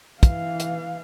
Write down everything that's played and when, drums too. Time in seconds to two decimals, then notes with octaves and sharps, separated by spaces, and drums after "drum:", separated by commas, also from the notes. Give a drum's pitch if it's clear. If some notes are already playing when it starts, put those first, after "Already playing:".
0.23 E3 F5, drum: kick, hi-hat
0.60 drum: hi-hat